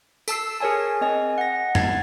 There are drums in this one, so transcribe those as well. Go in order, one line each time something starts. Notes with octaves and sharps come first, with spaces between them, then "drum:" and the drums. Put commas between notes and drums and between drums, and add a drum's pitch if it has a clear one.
A4 A5 E6 C7, drum: tambourine
G#4 A#4 C#5 G#5 A5
C4 D#5 G#5
F#5 A#6
G#6 A6 C7, drum: tom F2